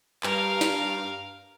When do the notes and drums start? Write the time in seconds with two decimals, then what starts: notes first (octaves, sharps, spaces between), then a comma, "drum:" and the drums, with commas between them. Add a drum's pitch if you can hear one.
0.23 G2 A#4 F5, drum: clap
0.61 drum: snare